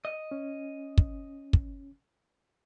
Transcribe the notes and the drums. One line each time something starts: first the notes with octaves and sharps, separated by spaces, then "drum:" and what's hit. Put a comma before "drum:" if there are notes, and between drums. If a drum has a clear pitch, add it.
D#5
C#4
drum: kick
drum: kick